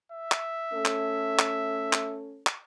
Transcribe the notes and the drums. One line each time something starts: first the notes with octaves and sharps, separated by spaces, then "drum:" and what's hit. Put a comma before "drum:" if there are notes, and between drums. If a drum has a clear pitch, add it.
E5
drum: clap
A3 C#4 A4
drum: clap
drum: clap
drum: clap
drum: clap